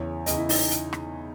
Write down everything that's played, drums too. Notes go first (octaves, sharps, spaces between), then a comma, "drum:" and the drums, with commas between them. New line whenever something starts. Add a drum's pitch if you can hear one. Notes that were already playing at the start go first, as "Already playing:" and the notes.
Already playing: E2 C#3 E3 C#5
E2 C#3 E3 D#5, drum: hi-hat
E4
D#4, drum: open hi-hat
drum: hi-hat
drum: rim click